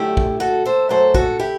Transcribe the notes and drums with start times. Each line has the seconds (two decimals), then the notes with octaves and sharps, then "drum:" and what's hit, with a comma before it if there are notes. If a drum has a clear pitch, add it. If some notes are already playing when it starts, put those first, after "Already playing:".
Already playing: F#2 D3 A3 E4 G4
0.17 drum: kick
0.40 F#4 A4
0.66 A4 C5
0.89 F#2 F#3 A3 A4 C5
1.14 F#4 A4, drum: kick
1.39 E4 G4